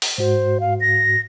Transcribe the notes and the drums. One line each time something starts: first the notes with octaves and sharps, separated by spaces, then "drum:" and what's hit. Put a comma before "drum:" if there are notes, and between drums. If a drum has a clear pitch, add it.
drum: open hi-hat
G#2 F#4 C5
F5
A#6